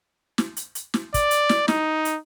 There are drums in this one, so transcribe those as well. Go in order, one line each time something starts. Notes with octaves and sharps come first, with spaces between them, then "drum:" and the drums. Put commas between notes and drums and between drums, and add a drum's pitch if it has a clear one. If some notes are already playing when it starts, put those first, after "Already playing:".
drum: snare
drum: hi-hat
drum: hi-hat
drum: snare
D5, drum: kick, hi-hat
drum: hi-hat
drum: snare
D#4, drum: snare
drum: hi-hat